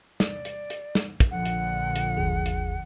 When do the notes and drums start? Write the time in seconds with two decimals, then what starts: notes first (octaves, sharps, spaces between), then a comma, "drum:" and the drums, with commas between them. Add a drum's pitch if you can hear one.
0.20 D5, drum: snare
0.45 drum: hi-hat
0.70 drum: hi-hat
0.95 drum: snare
1.20 drum: kick, hi-hat
1.31 A#1 D3 F3 F#5
1.45 drum: hi-hat
1.96 drum: hi-hat
2.17 G1 D#2 G#4
2.46 drum: hi-hat